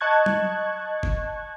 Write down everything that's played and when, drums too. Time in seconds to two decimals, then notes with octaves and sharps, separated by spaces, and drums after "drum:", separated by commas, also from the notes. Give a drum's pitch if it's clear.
0.01 D#5 A5 C#6 F#6 G#6
0.26 drum: tom F#3
1.03 drum: kick